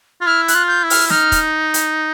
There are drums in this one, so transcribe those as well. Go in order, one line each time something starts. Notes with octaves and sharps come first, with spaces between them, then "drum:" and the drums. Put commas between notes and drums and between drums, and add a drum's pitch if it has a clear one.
F4
E4 F6
F#6, drum: hi-hat
F4
G6
E4
F6, drum: open hi-hat
D#4 F6, drum: snare
drum: kick, hi-hat
drum: hi-hat